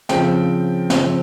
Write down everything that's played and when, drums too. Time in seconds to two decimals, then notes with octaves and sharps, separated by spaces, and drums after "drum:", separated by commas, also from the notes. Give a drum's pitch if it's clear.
0.09 C#3 F3 C4 G5, drum: snare
0.90 C#3 F3 C4, drum: snare